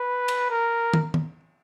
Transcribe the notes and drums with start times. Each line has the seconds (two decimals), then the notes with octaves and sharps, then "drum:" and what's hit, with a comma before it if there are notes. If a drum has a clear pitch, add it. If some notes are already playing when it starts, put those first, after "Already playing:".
Already playing: B4
0.28 drum: cymbal
0.50 A#4
0.94 drum: tom
1.14 drum: tom